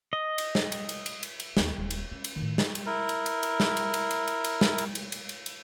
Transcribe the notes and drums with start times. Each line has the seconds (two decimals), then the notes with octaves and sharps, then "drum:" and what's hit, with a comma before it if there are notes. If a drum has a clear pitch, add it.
0.13 D#5
0.38 drum: cymbal
0.55 drum: snare
0.72 drum: cymbal
0.89 drum: cymbal
1.06 drum: cymbal
1.23 drum: cymbal
1.40 drum: cymbal
1.57 D#2 B3, drum: snare
1.78 D#1
1.90 drum: cymbal
2.12 C#4
2.24 drum: cymbal
2.36 A2 D#3
2.58 drum: snare
2.75 drum: cymbal
2.86 E4 A#4
3.09 drum: cymbal
3.26 drum: cymbal
3.43 drum: cymbal
3.60 drum: snare
3.77 drum: cymbal
3.94 drum: cymbal
4.11 drum: cymbal
4.27 drum: cymbal
4.44 drum: cymbal
4.61 drum: snare
4.78 drum: cymbal
4.95 drum: cymbal
5.12 drum: cymbal
5.29 drum: cymbal
5.46 drum: cymbal